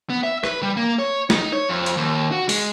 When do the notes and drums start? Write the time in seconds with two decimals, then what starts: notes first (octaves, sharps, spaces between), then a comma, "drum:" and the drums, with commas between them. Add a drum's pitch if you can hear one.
0.10 B3
0.24 E5
0.44 B4, drum: rim click
0.62 G3
0.77 A#3
0.99 C#5
1.30 D#4, drum: snare
1.53 C#5
1.69 F2
1.86 drum: hi-hat
1.97 D#2
2.32 F#4
2.49 G#3, drum: open hi-hat